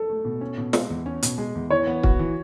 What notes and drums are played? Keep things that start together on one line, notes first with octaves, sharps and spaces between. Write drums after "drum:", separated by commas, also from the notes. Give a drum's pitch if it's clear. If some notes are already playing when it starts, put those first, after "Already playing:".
Already playing: A4
A3
B2
C#4
B2
G#3, drum: snare
E2
C#4
B2, drum: hi-hat
G#3
E2
E3 C#5
B3
F#4, drum: kick
E3